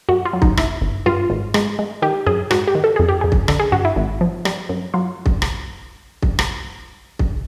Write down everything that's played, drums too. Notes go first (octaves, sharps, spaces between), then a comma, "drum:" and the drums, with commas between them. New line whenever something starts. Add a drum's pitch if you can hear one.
F#2 F#4
F4
F#3
D#4, drum: kick
G1 E4, drum: rim click
G1
G2 F4
G#1
G#3, drum: rim click
G#3
D#3 G4
F#2 G#4
G#2 F#4, drum: rim click
G4
D#3
A4
F2 G#4
G4
F2 G#4
drum: kick
D3 A4, drum: rim click
G#4
G2 F#4
E4
G#1
F3
G3, drum: rim click
F#2
F#3 F4
drum: kick
drum: rim click
drum: kick
drum: rim click
drum: kick